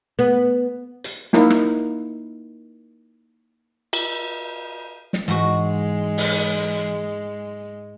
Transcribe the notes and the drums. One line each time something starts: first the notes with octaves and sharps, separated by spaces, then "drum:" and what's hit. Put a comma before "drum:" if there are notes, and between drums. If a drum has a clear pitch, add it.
B3
drum: hi-hat
A#3 D#4 E4, drum: snare
drum: rim click
drum: cymbal
drum: snare
G#2 E3 G#3 F#4
drum: open hi-hat